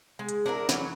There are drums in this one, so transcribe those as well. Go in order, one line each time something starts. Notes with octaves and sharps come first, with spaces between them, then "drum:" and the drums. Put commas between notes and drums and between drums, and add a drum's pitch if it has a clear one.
G#3
drum: hi-hat
D4 E4 G#4 A#4
E3 F#3 C#4, drum: snare